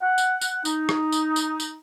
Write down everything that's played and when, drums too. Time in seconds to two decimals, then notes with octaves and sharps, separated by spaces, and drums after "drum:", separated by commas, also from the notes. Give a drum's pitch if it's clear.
0.01 F#5
0.18 drum: tambourine
0.41 drum: tambourine
0.65 D#4, drum: tambourine
0.89 drum: rim click
1.12 drum: tambourine
1.36 drum: tambourine
1.60 drum: tambourine